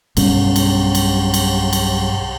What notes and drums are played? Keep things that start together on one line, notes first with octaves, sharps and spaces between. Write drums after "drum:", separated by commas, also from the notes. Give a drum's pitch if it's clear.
B1 G2 C#4, drum: cymbal
drum: cymbal
drum: cymbal
drum: cymbal
drum: cymbal